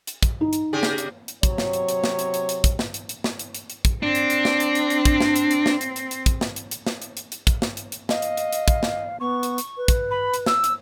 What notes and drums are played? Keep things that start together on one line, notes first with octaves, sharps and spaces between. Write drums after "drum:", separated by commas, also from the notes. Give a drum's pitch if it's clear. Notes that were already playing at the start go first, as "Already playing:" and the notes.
drum: hi-hat
drum: kick, hi-hat
D#4
drum: hi-hat
C#3 G4 G#4
drum: snare
drum: hi-hat
drum: hi-hat
C3 F#3 C#5, drum: kick, hi-hat
drum: snare
drum: hi-hat
drum: hi-hat
drum: snare
drum: hi-hat
drum: hi-hat
drum: hi-hat
drum: kick, hi-hat
drum: snare
drum: hi-hat
drum: hi-hat
drum: snare
drum: hi-hat
drum: hi-hat
drum: hi-hat
drum: kick, hi-hat
C4 D4
drum: hi-hat
drum: hi-hat
drum: snare
drum: hi-hat
drum: hi-hat
drum: hi-hat
drum: kick, hi-hat
drum: snare
drum: hi-hat
drum: hi-hat
drum: snare
drum: hi-hat
drum: hi-hat
drum: hi-hat
drum: kick, hi-hat
drum: snare
drum: hi-hat
drum: hi-hat
drum: snare
drum: hi-hat
drum: hi-hat
drum: hi-hat
drum: kick, hi-hat
drum: snare
drum: hi-hat
drum: hi-hat
D#5 F5, drum: snare
drum: hi-hat
drum: hi-hat
drum: hi-hat
drum: kick, hi-hat
drum: snare
B3 C#6
drum: hi-hat
drum: hi-hat
B4
drum: kick, hi-hat
B5
drum: hi-hat
E6, drum: snare
drum: hi-hat